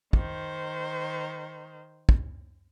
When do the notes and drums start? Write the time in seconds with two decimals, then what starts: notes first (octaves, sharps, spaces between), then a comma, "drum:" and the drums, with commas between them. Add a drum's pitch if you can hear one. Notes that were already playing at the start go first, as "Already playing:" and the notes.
0.13 D#3 C5, drum: kick
2.09 drum: kick